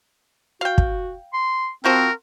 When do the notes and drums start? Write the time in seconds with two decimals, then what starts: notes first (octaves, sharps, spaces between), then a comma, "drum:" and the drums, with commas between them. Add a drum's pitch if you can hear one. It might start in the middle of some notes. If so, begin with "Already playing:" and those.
0.61 F#4 F5 G5
0.78 drum: kick
1.33 C6
1.85 F3 C4 F#4 A#4 C5